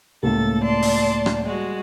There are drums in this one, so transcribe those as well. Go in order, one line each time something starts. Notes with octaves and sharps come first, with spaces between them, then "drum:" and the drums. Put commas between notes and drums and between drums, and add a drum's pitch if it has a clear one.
C#2 A2 A#3 A4 A6
D5 A5 C6
drum: open hi-hat
drum: rim click
G3 G#3 F#4